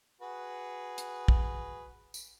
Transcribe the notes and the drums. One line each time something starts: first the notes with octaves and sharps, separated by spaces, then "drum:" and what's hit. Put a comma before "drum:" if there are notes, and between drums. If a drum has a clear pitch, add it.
F#4 G#4 B4
drum: hi-hat
drum: kick
drum: tambourine